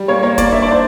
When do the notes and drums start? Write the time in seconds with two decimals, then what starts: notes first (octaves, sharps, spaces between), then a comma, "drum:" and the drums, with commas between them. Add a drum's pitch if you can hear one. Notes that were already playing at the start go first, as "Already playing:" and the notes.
Already playing: G3
0.08 A#3 C#5
0.23 A#3 C#5
0.38 A#3 D5, drum: kick, hi-hat
0.52 D4 E5
0.62 D5
0.67 D4 C5